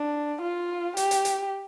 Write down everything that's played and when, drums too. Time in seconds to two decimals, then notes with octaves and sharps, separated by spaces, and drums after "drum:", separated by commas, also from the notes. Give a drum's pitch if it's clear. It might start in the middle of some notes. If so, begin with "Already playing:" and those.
Already playing: D4
0.41 F4
0.97 G4, drum: hi-hat
1.11 drum: hi-hat
1.25 drum: hi-hat